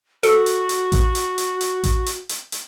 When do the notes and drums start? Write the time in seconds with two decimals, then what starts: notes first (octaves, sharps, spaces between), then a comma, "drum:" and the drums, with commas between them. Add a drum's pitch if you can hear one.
0.23 F#4 A4, drum: hi-hat
0.46 drum: hi-hat
0.69 drum: hi-hat
0.92 drum: kick A1, hi-hat
1.15 drum: hi-hat
1.38 drum: hi-hat
1.61 drum: hi-hat
1.84 drum: kick A1, hi-hat
2.06 drum: hi-hat
2.29 drum: hi-hat
2.52 drum: hi-hat